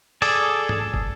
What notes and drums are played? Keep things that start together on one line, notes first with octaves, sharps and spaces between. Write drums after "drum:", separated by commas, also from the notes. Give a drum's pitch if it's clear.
G#4 A4 D5, drum: open hi-hat
drum: tom G#2
drum: kick